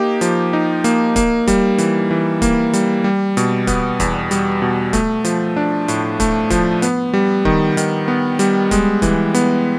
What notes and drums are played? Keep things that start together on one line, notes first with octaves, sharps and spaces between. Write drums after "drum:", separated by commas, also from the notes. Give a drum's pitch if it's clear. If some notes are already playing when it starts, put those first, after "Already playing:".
Already playing: A#3 D#4 G4
F3, drum: hi-hat
D#4
A#3, drum: hi-hat
A#3, drum: kick C#1, hi-hat
G3, drum: kick C#1, hi-hat
E3, drum: hi-hat
E3
A#3, drum: kick C#1, hi-hat
G3, drum: hi-hat
G3
B2, drum: hi-hat
B3, drum: kick C#1, hi-hat
E2, drum: kick C#1, hi-hat
G3, drum: hi-hat
B2
A3, drum: kick C#1, hi-hat
F3, drum: hi-hat
D4
A2, drum: hi-hat
A3, drum: kick C#1, hi-hat
F3, drum: kick C#1, hi-hat
B3, drum: hi-hat
G3
D#3, drum: kick C#1
D#3, drum: hi-hat
B3
G3, drum: hi-hat
G#3, drum: kick C#1, hi-hat
E3, drum: kick C#1, hi-hat
B3, drum: hi-hat